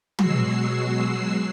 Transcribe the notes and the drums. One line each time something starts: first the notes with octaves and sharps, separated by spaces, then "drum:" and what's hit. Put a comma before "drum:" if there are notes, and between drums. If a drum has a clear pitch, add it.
B2 F#3 G#3 F#4 E6 C7, drum: tom